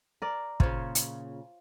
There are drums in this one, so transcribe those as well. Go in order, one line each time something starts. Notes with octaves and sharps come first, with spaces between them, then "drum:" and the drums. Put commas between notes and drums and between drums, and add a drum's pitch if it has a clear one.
A#4 D5
A#2 C#3 F4 C5 C#5, drum: kick
drum: hi-hat